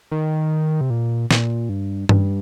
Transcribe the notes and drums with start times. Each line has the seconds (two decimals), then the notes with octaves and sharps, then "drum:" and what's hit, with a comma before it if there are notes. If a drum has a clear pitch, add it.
0.11 D#3
0.81 C3
0.90 A#2
1.31 A#2, drum: snare
1.69 G2
2.09 G2, drum: tom G2